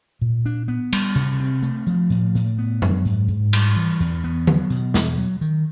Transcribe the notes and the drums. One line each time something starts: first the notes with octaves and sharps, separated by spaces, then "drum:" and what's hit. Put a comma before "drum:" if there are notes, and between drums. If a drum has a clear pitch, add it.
A#2
D4
B3
G3, drum: cymbal
C3
C4
A3
F3
A2
A2
B3
F#3, drum: tom F#2
G#2
G#2
G3, drum: cymbal
E3
E2
B3
F#3, drum: tom D3
B2
E2, drum: snare
F#3
D#3